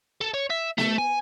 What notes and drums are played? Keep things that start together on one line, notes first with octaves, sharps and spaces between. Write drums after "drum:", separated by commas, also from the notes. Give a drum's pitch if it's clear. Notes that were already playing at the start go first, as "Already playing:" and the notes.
A4
C#5
E5
A3, drum: snare B3
G#5